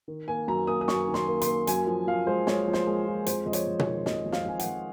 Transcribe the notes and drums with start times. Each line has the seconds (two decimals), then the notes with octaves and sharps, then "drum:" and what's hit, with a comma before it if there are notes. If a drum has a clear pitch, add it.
0.08 D#3
0.28 A#3 G#5
0.48 F#2 A#5
0.67 A#3 D#6
0.81 D#6
0.88 F#2 C#6, drum: snare
1.08 D#3
1.14 C6, drum: snare
1.27 A#3
1.41 C6, drum: hi-hat
1.47 A#3
1.67 F#2 G#5, drum: hi-hat
1.87 F3
2.07 F3 F5
2.27 G#3 C5
2.47 G#3 C#5, drum: snare
2.68 F3
2.73 C5, drum: snare
2.87 G#3
3.07 F3
3.26 F2 C5, drum: hi-hat
3.46 F2 D#5
3.53 C#5, drum: hi-hat
3.67 F2
3.79 C#5, drum: tom B2
3.87 D#3
4.06 F2 D#5, drum: snare
4.26 F2
4.32 F5, drum: snare
4.46 F2 G#5
4.59 F#5, drum: hi-hat
4.66 F2